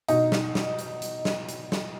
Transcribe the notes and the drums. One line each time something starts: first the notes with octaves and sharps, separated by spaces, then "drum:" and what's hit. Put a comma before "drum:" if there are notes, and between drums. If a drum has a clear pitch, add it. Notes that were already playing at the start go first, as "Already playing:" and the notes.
B2 D#4, drum: hi-hat
drum: snare
drum: snare
drum: hi-hat
drum: hi-hat
drum: snare
drum: hi-hat
drum: snare